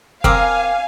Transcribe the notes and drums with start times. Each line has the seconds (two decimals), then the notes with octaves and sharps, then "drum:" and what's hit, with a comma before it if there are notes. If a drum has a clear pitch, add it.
0.24 C4 A#4 F5 G5 G#5 D6 F6, drum: kick